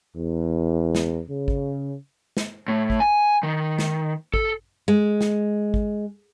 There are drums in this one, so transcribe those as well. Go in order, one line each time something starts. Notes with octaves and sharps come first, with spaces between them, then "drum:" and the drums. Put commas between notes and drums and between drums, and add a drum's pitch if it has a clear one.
E2
drum: snare
C#3
drum: kick G#1
drum: snare
A2
drum: kick G#1
G#5
D#3
drum: snare
A4, drum: kick G#1
G#3
drum: snare
drum: kick G#1